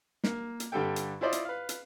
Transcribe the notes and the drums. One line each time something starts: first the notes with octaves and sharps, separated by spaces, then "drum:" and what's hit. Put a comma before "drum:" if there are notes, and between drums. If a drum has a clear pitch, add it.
A#3, drum: snare
drum: hi-hat
G2 D3 G3 G4 A4 G5
drum: hi-hat
E4 F4 C5 D5 D#5
drum: hi-hat
B4 F5
drum: hi-hat